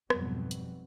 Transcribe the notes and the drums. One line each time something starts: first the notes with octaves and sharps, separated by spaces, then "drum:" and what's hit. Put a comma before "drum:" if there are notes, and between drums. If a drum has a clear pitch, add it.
G#1 F2 B2 F#3 G3 B3, drum: rim click
drum: hi-hat